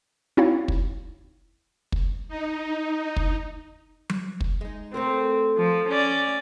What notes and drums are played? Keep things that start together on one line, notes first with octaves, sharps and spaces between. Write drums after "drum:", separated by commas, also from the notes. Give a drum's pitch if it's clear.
C4 D#4 E4 F#4 C#5 F5
drum: kick
drum: kick
D#4
drum: kick
drum: tom F#3
drum: kick
G#3 D#4
A3 C4 A4 A#4
F3
C#4 D5